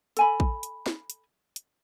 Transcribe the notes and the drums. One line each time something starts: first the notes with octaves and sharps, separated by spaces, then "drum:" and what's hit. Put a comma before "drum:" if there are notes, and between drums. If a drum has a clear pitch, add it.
A4 G#5 B5, drum: hi-hat
drum: kick
drum: hi-hat
drum: snare
drum: hi-hat
drum: hi-hat